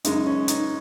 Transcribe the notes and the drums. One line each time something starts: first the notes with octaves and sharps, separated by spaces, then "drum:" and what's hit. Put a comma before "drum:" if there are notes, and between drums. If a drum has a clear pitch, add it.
F#2 C#3 G#3 D#4, drum: hi-hat
C#4
D#4, drum: hi-hat